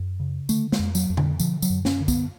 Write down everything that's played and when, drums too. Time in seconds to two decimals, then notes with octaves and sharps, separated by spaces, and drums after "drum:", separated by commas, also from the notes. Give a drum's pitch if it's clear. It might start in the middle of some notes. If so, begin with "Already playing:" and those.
Already playing: F#2
0.20 C#3
0.49 D3 A3, drum: tambourine
0.72 G#3, drum: snare
0.79 F2
0.95 F#3, drum: tambourine
1.10 F2
1.17 D3, drum: tom A#2
1.40 D3 F3, drum: tambourine
1.62 F#3, drum: tambourine
1.70 F#2
1.85 C#4, drum: snare
2.00 D3
2.08 B3, drum: kick, tambourine